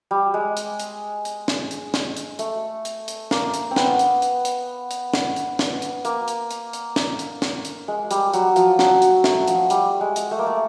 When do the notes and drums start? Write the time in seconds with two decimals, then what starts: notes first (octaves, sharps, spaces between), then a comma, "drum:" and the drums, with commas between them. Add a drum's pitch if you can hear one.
0.11 G3
0.34 G#3
0.57 drum: hi-hat
0.80 drum: hi-hat
1.25 drum: hi-hat
1.48 drum: snare
1.71 drum: hi-hat
1.94 drum: snare
2.17 drum: hi-hat
2.39 A3, drum: hi-hat
2.85 drum: hi-hat
3.08 drum: hi-hat
3.31 A#3, drum: snare
3.54 drum: hi-hat
3.71 C4
3.76 B3, drum: snare
3.99 drum: hi-hat
4.22 drum: hi-hat
4.45 drum: hi-hat
4.91 drum: hi-hat
5.14 drum: snare
5.36 drum: hi-hat
5.59 drum: snare
5.82 drum: hi-hat
6.05 A#3, drum: hi-hat
6.28 drum: hi-hat
6.51 drum: hi-hat
6.73 drum: hi-hat
6.96 drum: snare
7.19 drum: hi-hat
7.42 drum: snare
7.65 drum: hi-hat
7.88 G#3
8.11 G3, drum: hi-hat
8.34 F#3, drum: hi-hat
8.56 F3, drum: hi-hat
8.79 F#3, drum: snare
9.02 drum: hi-hat
9.24 A3, drum: snare
9.47 F3, drum: hi-hat
9.70 G3, drum: hi-hat
10.01 G#3
10.16 drum: hi-hat
10.31 A3
10.39 A#3
10.47 A3